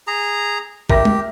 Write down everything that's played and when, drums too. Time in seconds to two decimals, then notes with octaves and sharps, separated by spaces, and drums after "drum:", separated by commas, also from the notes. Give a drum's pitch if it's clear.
0.07 G#4 A#5
0.90 G4 A#4 E5 A#6, drum: kick A#1
1.05 drum: tom